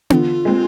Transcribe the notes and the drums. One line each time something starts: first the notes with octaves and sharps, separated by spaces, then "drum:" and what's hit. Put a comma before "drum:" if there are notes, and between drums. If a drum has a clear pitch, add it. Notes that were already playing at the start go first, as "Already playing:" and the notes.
D3 F4, drum: tom B3
G#3 C4